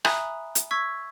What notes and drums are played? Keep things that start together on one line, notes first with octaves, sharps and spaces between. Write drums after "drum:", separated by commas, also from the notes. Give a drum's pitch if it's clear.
E5 G#5 A#5 B5 D#6 F#6, drum: rim click
drum: hi-hat
C#6 E6 G#6 B6